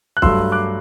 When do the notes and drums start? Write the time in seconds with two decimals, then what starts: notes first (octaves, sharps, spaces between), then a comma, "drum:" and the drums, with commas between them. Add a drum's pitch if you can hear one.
0.17 F#6
0.22 G2 F#3 A3 C6 E6, drum: kick
0.52 D6 F#6